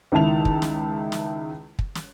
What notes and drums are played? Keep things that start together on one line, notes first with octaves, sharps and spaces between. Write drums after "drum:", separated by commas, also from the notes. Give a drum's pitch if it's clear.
C#2 D#3 E4 A5 F7
drum: kick
drum: snare
drum: snare
drum: kick
drum: snare